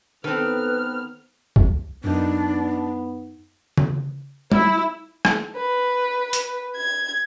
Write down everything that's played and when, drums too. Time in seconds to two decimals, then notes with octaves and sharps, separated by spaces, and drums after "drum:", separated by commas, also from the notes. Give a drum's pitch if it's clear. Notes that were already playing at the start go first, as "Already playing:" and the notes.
0.24 D#3 B3 C4 A4 B4 F6
1.56 drum: kick B1
2.04 F#2 B3 D4 D#4
3.77 drum: tom C#3
4.52 E4, drum: tom G3
5.25 drum: rim click
5.56 B4
6.33 drum: hi-hat
6.76 G#6